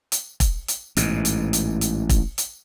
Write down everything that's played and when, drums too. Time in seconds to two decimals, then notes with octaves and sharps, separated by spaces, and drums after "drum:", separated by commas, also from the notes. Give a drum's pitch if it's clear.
0.12 drum: hi-hat
0.40 drum: kick E1, hi-hat
0.68 drum: hi-hat
0.97 A1 G#2 B2, drum: hi-hat
1.25 drum: hi-hat
1.53 drum: hi-hat
1.81 drum: hi-hat
2.09 drum: kick E1, hi-hat
2.38 drum: hi-hat